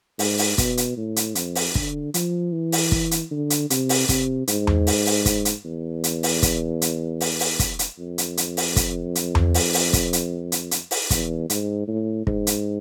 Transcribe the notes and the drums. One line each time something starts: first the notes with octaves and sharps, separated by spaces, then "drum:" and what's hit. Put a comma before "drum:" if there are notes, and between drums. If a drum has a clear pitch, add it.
G#2, drum: open hi-hat
drum: open hi-hat
B2, drum: kick, hi-hat
drum: hi-hat
A2
drum: hi-hat
F2, drum: hi-hat
drum: open hi-hat
D3, drum: kick
F3, drum: hi-hat
E3
drum: open hi-hat
drum: kick
drum: hi-hat
D3
drum: hi-hat
C3, drum: hi-hat
drum: open hi-hat
C3, drum: kick, hi-hat
G#2, drum: hi-hat
drum: tom E2
drum: open hi-hat
drum: open hi-hat
drum: kick, hi-hat
drum: hi-hat
E2
drum: hi-hat
drum: open hi-hat
drum: kick, hi-hat
drum: hi-hat
drum: open hi-hat
drum: open hi-hat
drum: kick, hi-hat
drum: hi-hat
F2
drum: hi-hat
drum: hi-hat
drum: open hi-hat
drum: kick, hi-hat
drum: hi-hat
drum: tom E2
drum: open hi-hat
drum: open hi-hat
drum: kick, hi-hat
drum: hi-hat
drum: hi-hat
drum: hi-hat
drum: open hi-hat
E2, drum: kick, hi-hat
G#2, drum: hi-hat
A2
G#2, drum: kick
drum: hi-hat